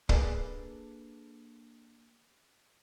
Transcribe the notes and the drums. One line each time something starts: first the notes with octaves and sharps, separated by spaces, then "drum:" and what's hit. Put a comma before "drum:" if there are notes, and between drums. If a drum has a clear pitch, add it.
A#3 D4 G#4 A4 B4 D5, drum: kick